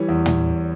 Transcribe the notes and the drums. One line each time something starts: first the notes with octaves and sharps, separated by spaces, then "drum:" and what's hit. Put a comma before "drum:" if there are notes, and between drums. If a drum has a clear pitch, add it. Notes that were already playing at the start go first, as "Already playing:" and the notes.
Already playing: E3 G3 C#5
E2
drum: tom